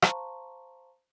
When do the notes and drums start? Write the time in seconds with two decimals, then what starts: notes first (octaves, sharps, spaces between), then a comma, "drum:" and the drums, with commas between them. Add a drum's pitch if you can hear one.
0.02 C5 F5 A5 A#5 C6 C#6, drum: rim click